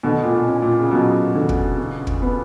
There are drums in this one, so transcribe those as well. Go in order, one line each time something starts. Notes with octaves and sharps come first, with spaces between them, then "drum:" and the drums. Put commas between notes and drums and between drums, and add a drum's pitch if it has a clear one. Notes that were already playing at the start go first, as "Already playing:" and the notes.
B2 D3
A#2
B2
C#4
A#2
C#3
B2 F#3
D3
drum: kick
C#3
drum: kick
B3